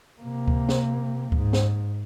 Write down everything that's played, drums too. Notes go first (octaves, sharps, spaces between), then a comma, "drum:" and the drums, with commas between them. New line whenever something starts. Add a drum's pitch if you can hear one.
C3 A#3
drum: kick C#2
drum: snare
G#2, drum: kick C#2
drum: snare